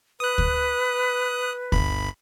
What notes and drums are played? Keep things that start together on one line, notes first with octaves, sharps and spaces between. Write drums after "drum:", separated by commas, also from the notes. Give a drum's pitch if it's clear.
B4 D#6 F#6
drum: kick D2
G1 B5, drum: kick D2